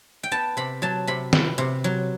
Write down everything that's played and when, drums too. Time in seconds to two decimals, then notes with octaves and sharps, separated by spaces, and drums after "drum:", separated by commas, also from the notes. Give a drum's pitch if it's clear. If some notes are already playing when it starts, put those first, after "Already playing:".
0.23 G5
0.31 B3 A5
0.57 C3 B5
0.82 F#3 A5
1.07 C3 B5
1.33 B3, drum: snare
1.58 C3
1.84 F#3